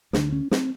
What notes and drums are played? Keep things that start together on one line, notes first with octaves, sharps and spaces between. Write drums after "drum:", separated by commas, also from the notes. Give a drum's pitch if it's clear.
D2 D3 D4, drum: snare
C#4
C4, drum: snare